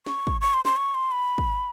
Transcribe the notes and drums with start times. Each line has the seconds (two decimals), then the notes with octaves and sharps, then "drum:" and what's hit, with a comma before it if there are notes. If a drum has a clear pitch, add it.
0.06 C#6, drum: snare
0.27 drum: kick
0.41 C#6
0.54 C6
0.65 C6, drum: snare
0.77 C#6
0.94 C6
1.11 B5
1.38 drum: kick